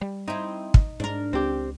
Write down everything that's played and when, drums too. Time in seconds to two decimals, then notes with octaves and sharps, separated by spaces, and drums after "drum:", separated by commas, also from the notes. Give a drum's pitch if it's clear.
0.01 G3
0.28 C4 D#4 E4
0.74 drum: kick
1.00 G#2 D4 A#4
1.33 C#2 C4 G4